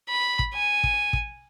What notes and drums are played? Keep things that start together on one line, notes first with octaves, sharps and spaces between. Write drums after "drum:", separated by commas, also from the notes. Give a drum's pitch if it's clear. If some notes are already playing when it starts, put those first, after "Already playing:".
B5
drum: kick
G#5
drum: kick
drum: kick